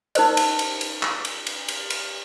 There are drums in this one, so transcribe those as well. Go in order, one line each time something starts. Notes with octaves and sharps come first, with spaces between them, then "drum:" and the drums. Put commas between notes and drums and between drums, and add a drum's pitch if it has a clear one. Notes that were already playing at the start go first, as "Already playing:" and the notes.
D#4 A#4 C5 D#5, drum: cymbal
drum: cymbal
drum: cymbal
drum: cymbal
drum: clap
drum: cymbal
drum: cymbal
drum: cymbal
drum: cymbal